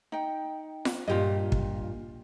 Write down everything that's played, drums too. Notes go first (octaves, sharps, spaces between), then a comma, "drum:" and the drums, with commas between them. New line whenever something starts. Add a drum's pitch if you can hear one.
D#4 G5
drum: snare F4
G2 A#2 F4 G4 D#5
drum: kick